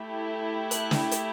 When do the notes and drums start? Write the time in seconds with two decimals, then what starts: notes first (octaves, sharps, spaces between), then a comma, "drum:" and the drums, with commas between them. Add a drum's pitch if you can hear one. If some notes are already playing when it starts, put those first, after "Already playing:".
Already playing: A3 E4 G4
0.71 F#6, drum: hi-hat
0.91 drum: snare
1.11 drum: hi-hat